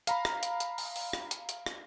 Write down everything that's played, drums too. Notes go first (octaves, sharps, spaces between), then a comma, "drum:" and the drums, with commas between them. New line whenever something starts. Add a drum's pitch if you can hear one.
F5 A#5 B5, drum: hi-hat
drum: rim click
drum: hi-hat
drum: hi-hat
drum: open hi-hat
drum: open hi-hat
drum: rim click
drum: hi-hat
drum: hi-hat
drum: rim click